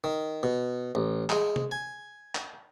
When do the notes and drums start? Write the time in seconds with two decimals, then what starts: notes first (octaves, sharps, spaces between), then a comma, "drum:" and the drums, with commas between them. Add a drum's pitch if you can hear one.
0.04 D#3
0.43 B2
0.95 A1
1.30 G#3, drum: clap
1.56 drum: tom C3
1.71 G#5
2.35 drum: clap